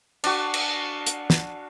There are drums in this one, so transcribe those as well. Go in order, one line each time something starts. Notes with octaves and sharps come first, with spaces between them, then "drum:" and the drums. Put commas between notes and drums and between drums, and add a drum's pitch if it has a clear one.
D4 F#4, drum: cymbal
drum: cymbal
drum: hi-hat
drum: snare